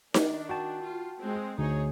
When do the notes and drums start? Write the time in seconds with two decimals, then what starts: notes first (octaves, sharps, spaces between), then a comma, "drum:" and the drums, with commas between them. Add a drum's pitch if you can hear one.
0.14 D#3 D4, drum: snare D#4
0.49 F#4 G5 A5
0.81 F4
1.19 G#3 C4
1.58 D2 D#4 G#4 C#5